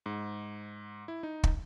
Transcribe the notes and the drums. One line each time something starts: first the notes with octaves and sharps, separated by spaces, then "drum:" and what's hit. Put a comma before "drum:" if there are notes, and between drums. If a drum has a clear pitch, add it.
G#2
E4
D#4
drum: kick